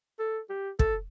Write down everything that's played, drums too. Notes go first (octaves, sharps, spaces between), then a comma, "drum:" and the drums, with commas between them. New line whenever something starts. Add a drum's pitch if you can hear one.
A4
G4
A4, drum: kick